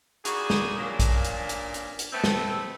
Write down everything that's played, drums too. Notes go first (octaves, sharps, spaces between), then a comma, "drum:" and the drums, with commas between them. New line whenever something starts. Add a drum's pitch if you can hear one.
D#3 E3 G3 F#4 G#4, drum: hi-hat
drum: snare
G2 A#2 D#3 A#3 C#4 D4
drum: kick, hi-hat
drum: hi-hat
drum: hi-hat
drum: hi-hat
drum: hi-hat
A3 B3 C4
drum: snare